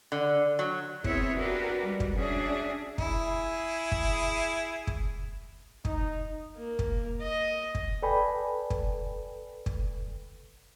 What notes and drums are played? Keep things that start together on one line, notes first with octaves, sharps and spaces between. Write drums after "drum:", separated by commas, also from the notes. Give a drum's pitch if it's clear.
D3
F#3
B3 C4 E4 G#4 C#5 E5, drum: kick
D4 F#4 G4 A#4 B4
G3 G#3
drum: kick
C#4 D4 F#4 G#4 E5
E4 G#4, drum: kick
drum: kick
drum: kick
D#4, drum: kick
A#3
drum: kick
D#5
drum: kick
A4 B4 D5 G5 G#5 B5
drum: kick
drum: kick